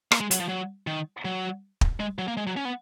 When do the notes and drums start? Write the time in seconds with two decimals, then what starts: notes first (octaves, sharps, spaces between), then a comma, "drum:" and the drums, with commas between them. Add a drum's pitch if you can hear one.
0.12 A#3, drum: rim click
0.21 G#3
0.31 F#3, drum: hi-hat
0.40 F3
0.49 F#3
0.87 D#3
1.25 F#3
1.81 drum: kick
2.00 G#3
2.18 F#3
2.28 A#3
2.37 G#3
2.47 F#3
2.57 C#4
2.65 B3